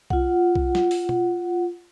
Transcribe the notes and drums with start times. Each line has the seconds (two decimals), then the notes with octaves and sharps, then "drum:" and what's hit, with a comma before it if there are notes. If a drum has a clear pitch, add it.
0.10 F4 F#5, drum: kick B1
0.55 drum: kick B1
0.75 drum: snare
0.91 drum: open hi-hat
1.09 drum: tom